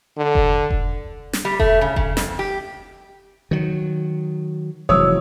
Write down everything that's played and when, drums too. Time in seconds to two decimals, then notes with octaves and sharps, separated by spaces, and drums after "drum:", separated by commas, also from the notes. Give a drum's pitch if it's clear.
0.17 D3
0.35 drum: kick F1
0.71 drum: kick F1
1.33 drum: snare
1.45 G3
1.60 A3, drum: kick F1
1.81 C#3
1.96 C#3, drum: kick F1
2.17 F2, drum: snare
2.39 G4
3.51 D#3 F#3
4.89 F1 E3 F#3 G#3 C#5 D#6 E6